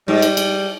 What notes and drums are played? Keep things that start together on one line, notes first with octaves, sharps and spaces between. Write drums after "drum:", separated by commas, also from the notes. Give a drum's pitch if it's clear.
G#2 G3
drum: cymbal
drum: cymbal